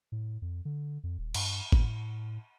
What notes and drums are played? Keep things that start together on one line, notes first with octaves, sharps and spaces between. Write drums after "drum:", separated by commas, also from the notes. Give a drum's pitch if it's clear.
A2
F2
D3
F2
D#1
G2, drum: cymbal
A2, drum: kick